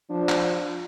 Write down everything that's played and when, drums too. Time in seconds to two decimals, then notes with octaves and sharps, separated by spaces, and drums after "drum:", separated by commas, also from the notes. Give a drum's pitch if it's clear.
0.11 F3 D4
0.29 drum: clap